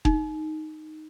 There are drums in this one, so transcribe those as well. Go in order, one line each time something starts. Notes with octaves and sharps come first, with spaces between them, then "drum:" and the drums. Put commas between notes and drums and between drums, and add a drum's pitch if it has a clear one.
D#4, drum: kick